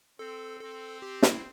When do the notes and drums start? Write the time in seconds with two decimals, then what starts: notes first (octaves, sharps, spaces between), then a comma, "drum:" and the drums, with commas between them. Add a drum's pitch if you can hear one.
0.19 C4 A4
0.61 C4 A4
1.02 G4
1.23 E4, drum: snare